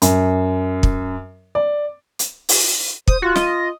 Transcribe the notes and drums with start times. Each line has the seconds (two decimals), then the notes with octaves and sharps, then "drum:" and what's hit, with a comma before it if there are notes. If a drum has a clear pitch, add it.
0.02 F#2, drum: hi-hat
0.83 drum: kick
1.55 D5
2.19 drum: hi-hat
2.49 drum: open hi-hat
3.08 C5 D#6, drum: kick
3.22 F4 F#4
3.36 D#5, drum: snare